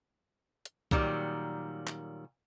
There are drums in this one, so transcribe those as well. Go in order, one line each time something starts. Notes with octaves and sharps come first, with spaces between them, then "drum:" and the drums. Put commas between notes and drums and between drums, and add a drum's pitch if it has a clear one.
drum: hi-hat
A#2 D#3 F#3 G3, drum: kick C2
drum: clap